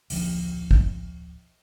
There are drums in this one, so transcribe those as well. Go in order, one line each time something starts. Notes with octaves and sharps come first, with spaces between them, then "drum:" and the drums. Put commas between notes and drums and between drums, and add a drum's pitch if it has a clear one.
D1 A#1 F3, drum: open hi-hat
drum: kick A1